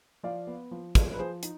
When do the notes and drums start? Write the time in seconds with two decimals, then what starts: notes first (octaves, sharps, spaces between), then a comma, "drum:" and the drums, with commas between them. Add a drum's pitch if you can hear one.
0.23 F3 D5 F5
0.47 B3
0.71 F3
0.95 F3, drum: kick, hi-hat
1.13 B4
1.19 F3 G#4 C5
1.43 D#4, drum: hi-hat